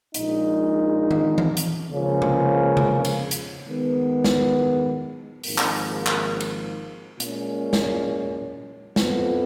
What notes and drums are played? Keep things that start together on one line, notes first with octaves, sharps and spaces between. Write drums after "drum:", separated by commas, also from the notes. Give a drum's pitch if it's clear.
A#1 A#2 G#3 D#4, drum: hi-hat
drum: tom D#3
drum: tom E3
drum: hi-hat
C#2 C#3 F3 A#3 C#4
drum: tom C3
drum: tom C3
drum: cymbal
drum: hi-hat
D#3 G#3 B3
drum: snare
G#1 G#2 F3 A#3, drum: open hi-hat
drum: clap
drum: clap
drum: cymbal
A#2 G#3 C#4, drum: hi-hat
drum: snare
F2 F3 B3, drum: snare